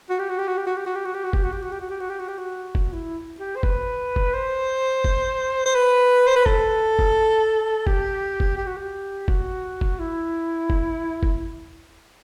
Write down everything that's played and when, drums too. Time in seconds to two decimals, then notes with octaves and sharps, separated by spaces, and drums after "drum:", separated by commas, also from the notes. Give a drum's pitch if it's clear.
0.09 F#4
0.19 G4
0.29 F#4
0.38 G4
0.48 F#4
0.57 G4
0.67 F#4
0.77 G4
0.86 F#4
0.95 G4
1.05 F#4
1.14 G4
1.24 F#4
1.33 G4, drum: kick
1.43 F#4
1.52 G4
1.62 F#4
1.72 G4
1.81 F#4
1.90 G4
2.00 F#4
2.10 G4
2.19 F#4
2.28 G4
2.38 F#4
2.75 drum: kick
2.93 E4
3.40 G4
3.56 C5
3.63 B4, drum: kick
4.16 drum: kick
4.34 C5
5.04 drum: kick
5.66 C5
5.75 B4
6.27 C5
6.36 B4
6.46 A4, drum: kick
6.99 drum: kick
7.87 G4, drum: kick
8.40 drum: kick
8.57 G4
8.67 F#4
8.76 G4
9.28 F#4, drum: kick
9.81 drum: kick
9.99 E4
10.70 drum: kick
11.23 drum: kick